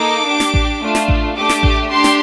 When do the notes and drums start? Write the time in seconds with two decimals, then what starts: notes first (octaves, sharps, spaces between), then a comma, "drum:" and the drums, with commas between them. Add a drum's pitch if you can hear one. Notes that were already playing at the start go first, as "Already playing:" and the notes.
Already playing: A#3 D#4 A4 D6
0.26 D4 G4
0.40 drum: snare
0.54 drum: kick A1
0.80 A3 D4 F4
0.95 drum: snare
1.08 drum: kick A1
1.36 A3 D4 G4 D6
1.49 drum: snare
1.63 drum: kick A1
1.90 D4 G4 C6
2.04 drum: snare